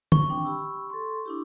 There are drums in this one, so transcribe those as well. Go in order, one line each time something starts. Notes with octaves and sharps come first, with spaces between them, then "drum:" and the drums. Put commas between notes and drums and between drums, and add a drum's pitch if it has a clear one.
C#6, drum: tom D3
C4 D4 G5
G4 B5 E6
A4 C6
D4 E4 G4